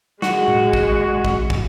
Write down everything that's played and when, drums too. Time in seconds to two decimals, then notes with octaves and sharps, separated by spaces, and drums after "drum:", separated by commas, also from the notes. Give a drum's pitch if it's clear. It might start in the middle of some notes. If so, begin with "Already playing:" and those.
0.22 G#3 F#4, drum: snare
0.48 drum: tom A2
0.73 drum: kick
1.25 drum: kick
1.50 drum: kick